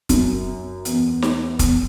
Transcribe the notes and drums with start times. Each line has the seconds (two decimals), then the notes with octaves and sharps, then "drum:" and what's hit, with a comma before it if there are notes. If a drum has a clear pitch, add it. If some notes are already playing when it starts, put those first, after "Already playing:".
0.09 F#2, drum: kick, hi-hat
0.85 E2, drum: hi-hat
1.22 drum: snare
1.59 E2, drum: kick, hi-hat